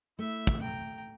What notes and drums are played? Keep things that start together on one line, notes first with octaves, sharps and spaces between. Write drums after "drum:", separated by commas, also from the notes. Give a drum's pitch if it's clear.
A3 E4 E5
drum: kick
G5 A#5